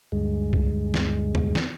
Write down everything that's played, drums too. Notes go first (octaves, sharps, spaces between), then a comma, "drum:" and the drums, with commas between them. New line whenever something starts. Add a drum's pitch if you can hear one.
D2 G2 G#3
drum: kick C2
drum: snare
drum: tom E2
drum: snare